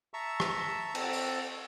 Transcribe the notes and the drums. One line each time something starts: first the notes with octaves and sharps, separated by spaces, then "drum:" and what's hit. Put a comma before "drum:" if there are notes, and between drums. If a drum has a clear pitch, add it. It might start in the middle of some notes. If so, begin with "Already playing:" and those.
E5 A5 A#5 C#6 E6
drum: rim click
C4 A4 A5, drum: cymbal
drum: open hi-hat